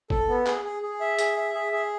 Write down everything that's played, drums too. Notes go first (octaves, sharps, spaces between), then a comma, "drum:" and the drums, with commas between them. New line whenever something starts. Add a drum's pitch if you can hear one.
A4, drum: kick G1
B3
G#4, drum: clap
G#4
G#4
E5
G#4, drum: hi-hat
E5
G#4
G#4